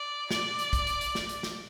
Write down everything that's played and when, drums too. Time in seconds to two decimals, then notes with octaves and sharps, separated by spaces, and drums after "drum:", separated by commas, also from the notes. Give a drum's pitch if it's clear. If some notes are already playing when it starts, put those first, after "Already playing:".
Already playing: D5
0.31 D5, drum: snare
0.59 drum: hi-hat
0.73 drum: kick, hi-hat
0.87 drum: hi-hat
1.01 drum: hi-hat
1.15 drum: snare
1.29 drum: hi-hat
1.43 drum: snare